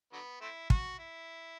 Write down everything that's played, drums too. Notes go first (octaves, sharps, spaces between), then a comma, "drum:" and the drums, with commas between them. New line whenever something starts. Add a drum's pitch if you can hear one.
D3 F#3 B3
A3 C4 E4
F#4, drum: kick
E4